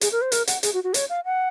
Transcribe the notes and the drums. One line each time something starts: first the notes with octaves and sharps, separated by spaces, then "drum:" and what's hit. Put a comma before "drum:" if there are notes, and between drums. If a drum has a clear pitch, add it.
G#4, drum: hi-hat
A#4
C5
A#4, drum: hi-hat
F#5, drum: hi-hat
G#4, drum: hi-hat
F#4
F#4
C#5, drum: hi-hat
F5
F#5